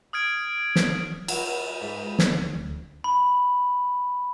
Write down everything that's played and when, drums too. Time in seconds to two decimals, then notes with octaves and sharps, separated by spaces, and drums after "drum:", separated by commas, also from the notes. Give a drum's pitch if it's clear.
0.13 D#6 F6 G#6 D7
0.76 drum: snare
1.28 F#3, drum: cymbal
1.81 G#2
2.19 drum: snare
2.35 D2
3.04 B5